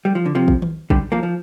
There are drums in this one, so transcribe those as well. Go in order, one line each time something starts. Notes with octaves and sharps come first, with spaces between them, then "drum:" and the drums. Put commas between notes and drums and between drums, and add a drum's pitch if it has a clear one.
G3
F3
D3
C3 F3
drum: kick
drum: tom D#3
D3 G3, drum: kick
F3 A#3
F3